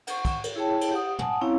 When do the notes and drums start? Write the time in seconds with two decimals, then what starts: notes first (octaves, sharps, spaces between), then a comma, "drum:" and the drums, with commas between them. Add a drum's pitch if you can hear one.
0.07 F#5 C#6, drum: cymbal
0.25 drum: kick, cymbal
0.44 drum: cymbal
0.56 E4 G#4 C#5 G5 A5
0.81 drum: cymbal
0.91 G4 F#5 D#6
1.19 F#5 G#5 A5 D#6, drum: tom
1.41 C4 C#4 E4 C#5 F5 A#5